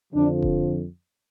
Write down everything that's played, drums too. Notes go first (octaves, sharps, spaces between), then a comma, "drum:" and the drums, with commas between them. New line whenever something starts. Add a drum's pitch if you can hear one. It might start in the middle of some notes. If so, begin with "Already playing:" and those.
F2 D3 F3 D4
drum: kick F1